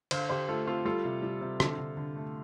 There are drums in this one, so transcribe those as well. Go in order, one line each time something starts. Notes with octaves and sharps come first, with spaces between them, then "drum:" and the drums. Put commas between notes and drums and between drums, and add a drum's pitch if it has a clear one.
D3 C5 F5, drum: cymbal
D3 G4 C5
A3 F4 A4
C4 F4 A4
G3 F4 A4
C3
G3
C3
D3, drum: rim click
D3
D3
A3